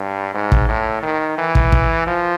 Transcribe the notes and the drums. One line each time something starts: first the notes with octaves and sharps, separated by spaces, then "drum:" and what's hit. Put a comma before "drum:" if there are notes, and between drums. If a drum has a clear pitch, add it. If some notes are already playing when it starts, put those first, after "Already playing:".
Already playing: G2
G#2
drum: kick
A2
D#3
E3
drum: kick
drum: kick
F3